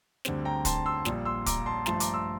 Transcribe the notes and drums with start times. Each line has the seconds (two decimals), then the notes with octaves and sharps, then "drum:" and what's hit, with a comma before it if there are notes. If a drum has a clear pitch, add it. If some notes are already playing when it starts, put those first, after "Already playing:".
0.25 D2 D3 G3 C4, drum: snare
0.45 G5 A#5
0.65 A5 C6, drum: kick, hi-hat
0.86 C6 E6
1.05 A#1 A#2 G3, drum: snare
1.25 C6 E6
1.46 A#5 D6, drum: kick, hi-hat
1.66 A5 C6
1.86 G2 F3 A3 A5 C6, drum: snare
2.00 A#5 D6, drum: hi-hat
2.14 C6 E6